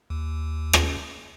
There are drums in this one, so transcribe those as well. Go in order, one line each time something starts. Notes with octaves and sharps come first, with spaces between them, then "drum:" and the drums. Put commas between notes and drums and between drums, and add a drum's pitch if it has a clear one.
D#2
drum: rim click